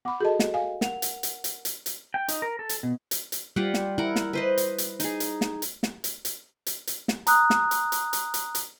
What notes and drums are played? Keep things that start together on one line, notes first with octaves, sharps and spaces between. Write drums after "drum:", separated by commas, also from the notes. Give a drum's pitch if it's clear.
B3 F#5 B5 D6
F#4 G#4 A4 D#5 A5
drum: snare
F5 G#5
A#4 F#5 F7, drum: snare
drum: hi-hat
drum: hi-hat
drum: hi-hat
drum: hi-hat
drum: hi-hat
G5
D#4, drum: hi-hat
A#4
A4
drum: hi-hat
B2
drum: hi-hat
drum: hi-hat
G3 F4 G4 F#5
drum: snare
E4 A#4 F#5
drum: snare
B4 C5 D#5
drum: hi-hat
drum: hi-hat
D#4 G#4, drum: hi-hat
drum: hi-hat
drum: snare
drum: hi-hat
drum: snare
drum: hi-hat
drum: hi-hat
drum: hi-hat
drum: hi-hat
drum: snare
A#5 D#6 F#6, drum: hi-hat
drum: snare
drum: hi-hat
drum: hi-hat
drum: hi-hat
drum: hi-hat
drum: hi-hat